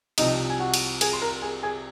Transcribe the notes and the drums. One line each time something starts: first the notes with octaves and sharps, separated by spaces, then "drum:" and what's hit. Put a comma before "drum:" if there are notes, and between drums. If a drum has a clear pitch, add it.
C2 C3 F3 D#4 D#5, drum: cymbal
G#5
F#4 F#5
drum: cymbal
G#4 G#5, drum: cymbal
C6
A#4 A#5
G#4 G#5
G#4 G#5